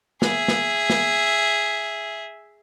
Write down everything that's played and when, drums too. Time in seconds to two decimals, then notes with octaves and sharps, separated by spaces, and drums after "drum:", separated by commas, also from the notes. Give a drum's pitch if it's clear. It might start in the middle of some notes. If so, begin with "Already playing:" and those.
0.22 G#4 E5, drum: snare
0.48 drum: snare
0.90 drum: snare